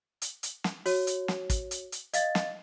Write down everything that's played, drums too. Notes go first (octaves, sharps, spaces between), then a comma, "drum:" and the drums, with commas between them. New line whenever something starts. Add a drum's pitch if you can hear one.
drum: hi-hat
drum: hi-hat
drum: snare
F#4 C#5, drum: open hi-hat
drum: hi-hat
drum: snare
drum: kick, hi-hat
drum: hi-hat
drum: hi-hat
D#5 F5 A6, drum: hi-hat
drum: snare